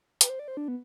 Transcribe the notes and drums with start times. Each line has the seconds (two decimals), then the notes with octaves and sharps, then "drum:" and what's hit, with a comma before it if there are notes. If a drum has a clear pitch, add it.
0.21 B4, drum: hi-hat
0.30 C5
0.39 D5
0.48 C5
0.57 D4
0.68 B3